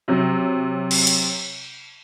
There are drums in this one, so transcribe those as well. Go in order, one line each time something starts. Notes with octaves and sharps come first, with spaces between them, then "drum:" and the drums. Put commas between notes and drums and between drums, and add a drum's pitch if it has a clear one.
C3 F#3
drum: cymbal
drum: hi-hat